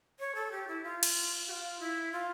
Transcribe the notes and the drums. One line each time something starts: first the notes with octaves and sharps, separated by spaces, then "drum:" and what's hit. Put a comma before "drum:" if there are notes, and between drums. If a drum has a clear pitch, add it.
C#5
A4
G4
E4
F4
drum: cymbal
G4
F4
E4
F4